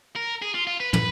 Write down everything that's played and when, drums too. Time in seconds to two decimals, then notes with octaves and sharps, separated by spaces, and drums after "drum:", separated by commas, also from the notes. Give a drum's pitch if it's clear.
0.16 A#4
0.42 G#4
0.55 F4
0.67 F4
0.80 B4
0.93 B4, drum: tom